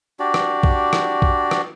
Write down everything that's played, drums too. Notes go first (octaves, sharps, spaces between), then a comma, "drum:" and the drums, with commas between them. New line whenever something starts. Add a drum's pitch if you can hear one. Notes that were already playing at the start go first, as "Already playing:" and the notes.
D4 F#4 G4 D5
drum: rim click
drum: kick
drum: rim click
drum: kick
drum: rim click